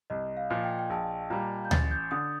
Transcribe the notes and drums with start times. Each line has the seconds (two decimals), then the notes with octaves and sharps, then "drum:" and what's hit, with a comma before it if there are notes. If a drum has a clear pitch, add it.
0.10 C2 D#5
0.37 F5
0.50 A#2 F3
0.64 G5
0.79 G5
0.90 A#1 A5
1.30 A#2 G3 A#5
1.65 G6
1.71 A1 A6, drum: tom D2
1.91 G6
2.11 D3 D#6